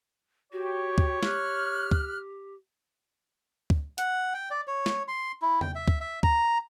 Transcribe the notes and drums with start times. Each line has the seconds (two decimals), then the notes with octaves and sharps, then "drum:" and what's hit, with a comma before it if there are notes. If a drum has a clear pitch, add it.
0.52 F#4 G4 C#5
0.98 drum: kick
1.23 G4 F6 F#6, drum: snare
1.91 drum: kick
3.70 drum: kick
3.98 F#5, drum: hi-hat
4.34 G5
4.50 D5
4.67 C#5
4.86 drum: snare
5.08 C6
5.42 E4
5.61 G5, drum: tom E2
5.75 E5
5.88 drum: kick
6.00 E5
6.23 A#5, drum: kick